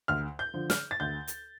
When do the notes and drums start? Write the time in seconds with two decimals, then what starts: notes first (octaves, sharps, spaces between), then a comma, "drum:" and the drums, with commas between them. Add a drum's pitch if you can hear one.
0.08 D2 F6
0.39 G6
0.54 D3 F3
0.70 F6, drum: snare
0.91 A6
1.00 D2 G6
1.27 drum: hi-hat